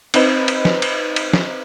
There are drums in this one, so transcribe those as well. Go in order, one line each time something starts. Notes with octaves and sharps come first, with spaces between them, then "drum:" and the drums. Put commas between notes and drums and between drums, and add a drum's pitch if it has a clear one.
C4 D#4 B4 C5, drum: cymbal
drum: cymbal
drum: snare
drum: cymbal
drum: cymbal
drum: snare